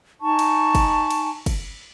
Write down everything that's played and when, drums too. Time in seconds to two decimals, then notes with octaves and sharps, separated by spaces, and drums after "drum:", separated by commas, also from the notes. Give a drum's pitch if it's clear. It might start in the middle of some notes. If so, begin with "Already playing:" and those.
0.21 D#4 G#5 A5 C#6
0.39 drum: cymbal
0.75 drum: kick, cymbal
1.10 drum: cymbal
1.46 drum: kick, cymbal